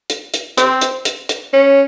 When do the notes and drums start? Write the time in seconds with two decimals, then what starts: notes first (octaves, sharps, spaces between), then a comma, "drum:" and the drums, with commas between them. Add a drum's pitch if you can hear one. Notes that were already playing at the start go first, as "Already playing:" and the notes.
0.10 drum: hi-hat
0.34 drum: hi-hat
0.58 C4, drum: hi-hat
0.81 drum: hi-hat
1.05 drum: hi-hat
1.29 drum: hi-hat
1.53 C#4